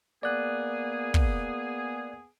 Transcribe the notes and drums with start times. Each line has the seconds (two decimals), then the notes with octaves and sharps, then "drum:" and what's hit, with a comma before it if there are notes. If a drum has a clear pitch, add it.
0.23 A#3 B3 G#4 D5 F#6
1.14 drum: kick